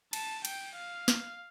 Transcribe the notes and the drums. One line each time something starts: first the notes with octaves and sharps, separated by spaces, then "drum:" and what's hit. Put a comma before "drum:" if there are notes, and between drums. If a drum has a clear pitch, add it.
A5, drum: cymbal
G5, drum: cymbal
F5
drum: snare